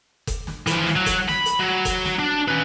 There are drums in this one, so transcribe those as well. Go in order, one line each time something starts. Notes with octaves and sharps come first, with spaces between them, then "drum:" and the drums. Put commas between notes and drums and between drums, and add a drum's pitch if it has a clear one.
drum: kick F#1, hi-hat
drum: snare
E3 F3, drum: hi-hat
drum: snare
F#3
drum: kick F#1, hi-hat
B5, drum: snare
drum: hi-hat
F#3
drum: kick F#1, hi-hat
drum: snare
D4
C#4 B4